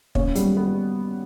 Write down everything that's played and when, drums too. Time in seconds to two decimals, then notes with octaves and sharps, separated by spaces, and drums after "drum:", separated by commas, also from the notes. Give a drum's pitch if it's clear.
0.15 A#3 C#4, drum: kick
0.35 G3 B3, drum: hi-hat
0.56 G3 B3